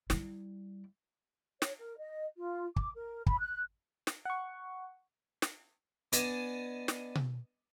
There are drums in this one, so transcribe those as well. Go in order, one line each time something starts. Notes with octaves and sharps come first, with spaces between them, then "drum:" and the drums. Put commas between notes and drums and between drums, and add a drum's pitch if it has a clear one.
G3 E4, drum: snare
C#5, drum: snare
A#4
D#5
F4
D6, drum: kick
A#4
B5, drum: kick
F#6
drum: snare
F#5 C#6
drum: snare
B3 D4 D#5 G#5 A5, drum: hi-hat
drum: snare
drum: tom B2